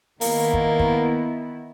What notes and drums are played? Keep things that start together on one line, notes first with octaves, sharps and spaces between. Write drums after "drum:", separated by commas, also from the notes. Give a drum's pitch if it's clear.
D#3 A#3 B3 E4, drum: open hi-hat
drum: kick
drum: kick